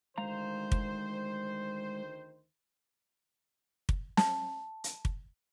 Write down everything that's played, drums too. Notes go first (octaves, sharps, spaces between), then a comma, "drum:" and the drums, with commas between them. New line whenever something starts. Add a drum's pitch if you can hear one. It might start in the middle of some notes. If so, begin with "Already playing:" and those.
D2 D#3 G#3 C5 F5 A#5
drum: kick
drum: kick
A5, drum: snare
drum: hi-hat
drum: kick